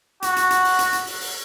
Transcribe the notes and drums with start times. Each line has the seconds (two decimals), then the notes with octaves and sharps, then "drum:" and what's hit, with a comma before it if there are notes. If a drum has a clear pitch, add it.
0.22 F#4, drum: hi-hat
0.36 drum: hi-hat
0.51 drum: hi-hat
0.65 drum: open hi-hat
0.79 drum: hi-hat
0.93 drum: hi-hat
1.07 drum: open hi-hat
1.21 drum: open hi-hat